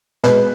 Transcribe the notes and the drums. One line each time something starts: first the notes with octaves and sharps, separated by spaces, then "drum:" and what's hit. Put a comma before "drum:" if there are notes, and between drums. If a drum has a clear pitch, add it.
B2 G#3 B4, drum: snare